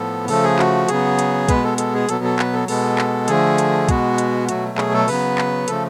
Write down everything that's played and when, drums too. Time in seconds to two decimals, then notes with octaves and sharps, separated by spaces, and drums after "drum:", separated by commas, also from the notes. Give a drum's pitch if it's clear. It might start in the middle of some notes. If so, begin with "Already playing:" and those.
Already playing: A2 F3 B3 A4
0.28 C#3 F3 A3 A4, drum: open hi-hat
0.44 G#4
0.59 F#4, drum: clap
0.89 C#3 F#3 B3 G#4, drum: hi-hat
1.19 drum: hi-hat
1.49 B2 G#3 B3 B4, drum: kick, hi-hat
1.64 A4
1.78 A4, drum: hi-hat
1.94 G#4
2.09 B2 F#3 B3 A4, drum: hi-hat
2.24 A4
2.39 B4, drum: clap
2.53 A4
2.68 B2 G#3 B3 A4, drum: open hi-hat
2.98 drum: clap
3.28 D3 F3 A3 G#4, drum: hi-hat
3.58 drum: hi-hat
3.89 B2 G#3 B3 F#4, drum: kick, hi-hat
4.18 drum: hi-hat
4.49 B2 F#3 A3 F#4, drum: hi-hat
4.78 G#4, drum: clap
4.94 A4
5.08 C#3 F#3 B3 B4, drum: open hi-hat
5.38 drum: clap
5.68 C#3 F3 A3 A4, drum: hi-hat